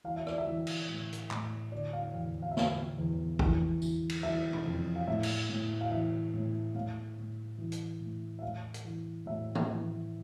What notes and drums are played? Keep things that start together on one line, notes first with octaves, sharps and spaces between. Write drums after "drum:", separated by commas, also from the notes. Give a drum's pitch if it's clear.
E3 F5
E5
D5, drum: rim click
E5
E3
drum: cymbal
A2
drum: hi-hat
A2, drum: clap
D3 D5
F5
E2 F5
F5
E5
D3 F5, drum: snare
E2
E3, drum: kick G#1
E3, drum: tambourine
drum: cymbal
E3 E5
drum: tom
F2
F5
A2 E5
drum: cymbal
A2
F5
E3 E5
A2
A2 F5
A2
E3
drum: hi-hat
A2
E5
A2 F5
drum: hi-hat
E3
A2 E5
drum: tom D#3
E3